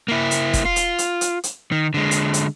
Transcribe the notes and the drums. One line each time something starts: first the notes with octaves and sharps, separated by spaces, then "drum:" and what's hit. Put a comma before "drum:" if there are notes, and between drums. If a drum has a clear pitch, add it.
A#3 E4
drum: hi-hat
drum: kick, hi-hat
F4
drum: hi-hat
drum: hi-hat
drum: hi-hat
drum: hi-hat
D#3
D3 G#3
drum: hi-hat
drum: hi-hat